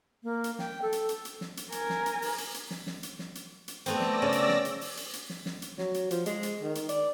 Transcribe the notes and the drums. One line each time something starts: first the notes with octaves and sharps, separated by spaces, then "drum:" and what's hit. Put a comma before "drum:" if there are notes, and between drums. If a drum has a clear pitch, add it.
A#3
drum: hi-hat
G5, drum: snare
A4
drum: hi-hat
drum: hi-hat
drum: hi-hat
drum: snare
drum: hi-hat
A#4 G#5, drum: hi-hat
drum: snare
drum: hi-hat
drum: open hi-hat
drum: hi-hat
drum: hi-hat
drum: snare
drum: snare
drum: hi-hat
drum: snare
drum: hi-hat
drum: hi-hat
A3 B3 C4 D5 E6 A#6, drum: hi-hat
drum: snare
C#3 C#4
drum: hi-hat
drum: snare
drum: hi-hat
drum: open hi-hat
drum: hi-hat
drum: hi-hat
drum: snare
drum: snare
drum: hi-hat
F#3, drum: snare
drum: hi-hat
F3, drum: hi-hat
G#3, drum: hi-hat
drum: hi-hat
D#3
drum: hi-hat
D5, drum: hi-hat